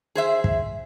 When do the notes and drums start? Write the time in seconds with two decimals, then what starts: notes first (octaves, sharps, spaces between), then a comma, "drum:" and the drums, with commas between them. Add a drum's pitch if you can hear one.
0.15 G#4 C5 E5
0.44 drum: kick